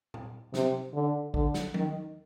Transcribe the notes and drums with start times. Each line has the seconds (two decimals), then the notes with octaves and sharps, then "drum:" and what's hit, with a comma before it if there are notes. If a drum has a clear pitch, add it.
0.14 drum: tom A#2
0.54 C3, drum: snare
0.94 D3
1.34 D3, drum: kick
1.54 drum: snare
1.74 D#3, drum: tom F3